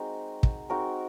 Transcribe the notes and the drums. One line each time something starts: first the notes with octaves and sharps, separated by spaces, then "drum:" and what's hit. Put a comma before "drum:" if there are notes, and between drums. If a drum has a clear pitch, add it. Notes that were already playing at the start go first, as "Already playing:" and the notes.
Already playing: G#3 C4 D#4 F#4 A#4 C5
drum: kick
G#3 C4 D#4 F#4 A#4